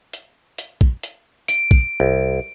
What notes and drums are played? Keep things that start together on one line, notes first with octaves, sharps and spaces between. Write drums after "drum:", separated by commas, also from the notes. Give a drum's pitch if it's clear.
drum: hi-hat
drum: hi-hat
drum: kick
drum: hi-hat
D7, drum: hi-hat
drum: kick
C2